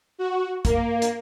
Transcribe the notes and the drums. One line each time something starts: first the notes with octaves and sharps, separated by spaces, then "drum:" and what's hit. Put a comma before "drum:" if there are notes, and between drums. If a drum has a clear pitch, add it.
F#4
A#3, drum: kick, hi-hat
drum: hi-hat